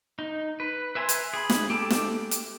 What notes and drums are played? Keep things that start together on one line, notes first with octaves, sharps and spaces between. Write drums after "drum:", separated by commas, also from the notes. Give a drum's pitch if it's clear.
D#4
B4
B4 E5 G#5 A#5 C6
drum: hi-hat
G#4 B5
drum: snare
G4 A4 A5 D6
drum: snare
drum: hi-hat